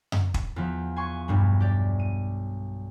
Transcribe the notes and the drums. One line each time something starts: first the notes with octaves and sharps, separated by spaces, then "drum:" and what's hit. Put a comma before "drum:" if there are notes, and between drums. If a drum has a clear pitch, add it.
drum: tom F#2
drum: kick
E2 F3
G#5 C6 C#6
B1 G2 G3
G4 D5
D#7